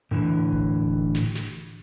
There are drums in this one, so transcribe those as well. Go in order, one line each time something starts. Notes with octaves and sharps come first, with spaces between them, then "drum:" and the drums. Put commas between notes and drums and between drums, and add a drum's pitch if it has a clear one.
A2 D3 E3
drum: kick E1
drum: snare
drum: snare